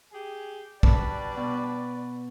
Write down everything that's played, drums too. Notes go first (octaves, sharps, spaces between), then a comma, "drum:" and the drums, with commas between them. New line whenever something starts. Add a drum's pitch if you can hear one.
G4 G#4 G#5
G3 D4 F#4 B4 D5 A5 B5, drum: kick
B2